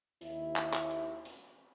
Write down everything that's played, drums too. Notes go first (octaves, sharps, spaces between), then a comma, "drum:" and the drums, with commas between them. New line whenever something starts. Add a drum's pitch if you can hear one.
D#2 E4, drum: hi-hat
drum: clap
drum: clap
drum: hi-hat
drum: hi-hat